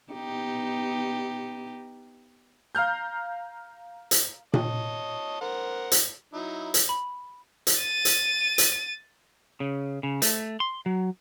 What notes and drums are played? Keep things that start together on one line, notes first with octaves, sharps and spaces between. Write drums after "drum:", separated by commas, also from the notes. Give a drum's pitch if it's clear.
B3 D#4 G4
F5 A#5 F6 G6
drum: hi-hat
C#5 D#5 A5, drum: tom A#2
A#4 C5 F#5
drum: hi-hat
F#3 D#4 E4
drum: hi-hat
B5
drum: hi-hat
A6 D#7
drum: hi-hat
drum: hi-hat
C#3
C#3
A3, drum: hi-hat
C6
F#3